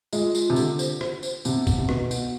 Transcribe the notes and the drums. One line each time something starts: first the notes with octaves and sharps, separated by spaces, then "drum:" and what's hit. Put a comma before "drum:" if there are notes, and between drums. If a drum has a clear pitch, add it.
G#3 F4, drum: tambourine
F4, drum: tambourine
C3
D3 G4, drum: tambourine
C5, drum: tambourine
C5, drum: rim click
C5, drum: tambourine
C3 B3, drum: tambourine
B3, drum: kick A#1, tambourine
C3
B2 B4, drum: rim click
B3, drum: tambourine